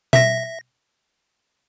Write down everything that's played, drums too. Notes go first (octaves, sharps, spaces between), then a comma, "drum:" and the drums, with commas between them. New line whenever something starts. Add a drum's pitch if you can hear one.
E5 A#6, drum: tom B2